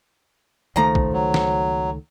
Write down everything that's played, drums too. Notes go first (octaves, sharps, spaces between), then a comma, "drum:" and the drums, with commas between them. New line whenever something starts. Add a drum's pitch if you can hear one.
C#2 D#3 F3 A3 C5 A#5
drum: kick
F#3
drum: snare